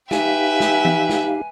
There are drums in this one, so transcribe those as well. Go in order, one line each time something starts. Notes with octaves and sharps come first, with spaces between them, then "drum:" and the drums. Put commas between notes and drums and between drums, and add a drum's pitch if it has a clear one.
D#4 G4 B4 E5 F5 G5 G#5, drum: snare
drum: snare
drum: tom E3
drum: snare